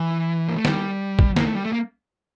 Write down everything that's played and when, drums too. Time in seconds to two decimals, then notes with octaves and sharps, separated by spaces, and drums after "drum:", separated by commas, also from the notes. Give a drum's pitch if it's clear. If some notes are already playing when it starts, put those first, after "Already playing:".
Already playing: E3
0.48 A#3
0.57 A3
0.65 G3, drum: snare
1.19 drum: kick
1.36 A#3, drum: snare
1.45 A3
1.55 G3
1.64 A3
1.73 A#3